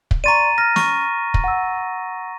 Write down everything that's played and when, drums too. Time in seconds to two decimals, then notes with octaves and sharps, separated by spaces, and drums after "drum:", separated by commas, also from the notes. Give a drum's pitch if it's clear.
0.11 drum: kick
0.24 D5 A#5 C6 C#6 A6 D#7
0.58 F6 A#6
0.76 C#6, drum: snare
1.34 drum: kick
1.44 F#5 E6